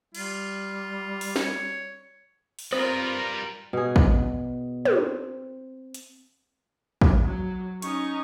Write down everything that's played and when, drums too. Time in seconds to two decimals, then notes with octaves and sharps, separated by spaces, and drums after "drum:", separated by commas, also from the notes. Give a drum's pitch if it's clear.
0.15 G3 F4, drum: cymbal
1.21 drum: open hi-hat
1.36 C#5, drum: snare
2.59 drum: open hi-hat
2.73 G3 C4 F4 A#4 B4, drum: rim click
3.73 B2 G#4
3.96 drum: kick
4.85 C4, drum: tom
5.94 drum: hi-hat
7.01 drum: kick
7.23 F#3
7.82 C#4 D#4 C#6, drum: hi-hat